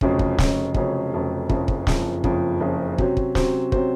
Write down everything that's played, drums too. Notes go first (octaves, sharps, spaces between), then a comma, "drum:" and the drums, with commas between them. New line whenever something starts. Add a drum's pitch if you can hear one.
F1 F2 C#3 F#3 C#4, drum: kick
drum: kick
F1 F2 C#3 F#3 C#4, drum: snare
F1 F2 C#3 F#3 C#4, drum: kick
F1 F2 C#3 F#3 C#4
F#1 F2 C#3 F3, drum: kick
drum: kick
F#1 F2 C#3 F3, drum: snare
F#1 F2 C#3 F3, drum: kick
F#1 F2 C#3 F3
C3 F#3 C#4 F#4 C5, drum: kick
drum: kick
C3 F#3 C#4 F#4 C5, drum: snare
C3 F#3 C#4 F#4 C5, drum: kick